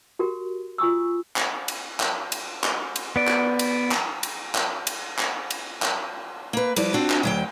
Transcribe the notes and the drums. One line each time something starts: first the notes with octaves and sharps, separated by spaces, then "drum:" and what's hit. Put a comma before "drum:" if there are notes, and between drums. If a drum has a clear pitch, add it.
F#4 G4 A#4
F4 G#5 C#6 D#6 E6
drum: clap
drum: cymbal
drum: clap
drum: cymbal
drum: clap
drum: cymbal
B3 D5
drum: clap
drum: cymbal
drum: clap
drum: cymbal
drum: clap
drum: cymbal
drum: clap
drum: cymbal
drum: clap
A#3 B4
F3 G3 E4 B4 D5, drum: cymbal
C4 D4 F4 F#4
drum: clap
D2 F#3 G5